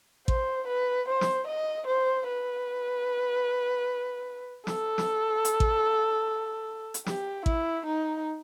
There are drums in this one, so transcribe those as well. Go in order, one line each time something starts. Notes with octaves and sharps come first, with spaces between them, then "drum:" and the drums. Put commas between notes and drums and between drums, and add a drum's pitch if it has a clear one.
C5, drum: kick A1
B4
C5
drum: snare
D#5
C5
B4
A4, drum: snare
drum: snare
drum: hi-hat
drum: kick A1
drum: hi-hat
G4, drum: snare
E4, drum: kick A1
D#4